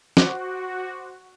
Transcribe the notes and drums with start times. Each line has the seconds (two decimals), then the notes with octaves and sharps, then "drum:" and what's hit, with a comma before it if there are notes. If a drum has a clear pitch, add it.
0.17 F#4 C5 D6 F#6, drum: snare